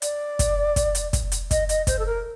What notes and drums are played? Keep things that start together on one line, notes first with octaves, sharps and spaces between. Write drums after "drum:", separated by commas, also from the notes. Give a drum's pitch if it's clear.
D5, drum: hi-hat
drum: kick, hi-hat
drum: kick, hi-hat
drum: hi-hat
drum: kick, hi-hat
drum: hi-hat
D#5, drum: kick, hi-hat
D#5, drum: hi-hat
C5, drum: kick, hi-hat
A4
A#4